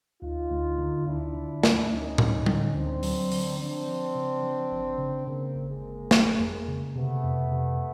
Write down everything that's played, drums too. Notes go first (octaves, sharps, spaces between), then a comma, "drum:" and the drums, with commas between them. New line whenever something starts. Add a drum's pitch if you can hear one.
D2 D#4 F4
D2
D3
D2 D4 E4
D3
D2, drum: snare
D2 C#4 D#4
D2, drum: tom A2
D3, drum: tom G3
D2 C4 D4
F#3, drum: open hi-hat
D3, drum: open hi-hat
F3 C4 D4
F3
C#3
F3
G1
C#3
C#3 A#3 C4
G1
G#3 A#3
G1
G1, drum: snare
F2
C#3
C3 A3 B3
F2
C3